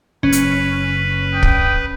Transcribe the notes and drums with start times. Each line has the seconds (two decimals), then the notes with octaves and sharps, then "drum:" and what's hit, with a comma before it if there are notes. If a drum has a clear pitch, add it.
0.23 F#1 C#4 B4
0.32 drum: hi-hat
1.32 D4 G5 D#6
1.43 drum: kick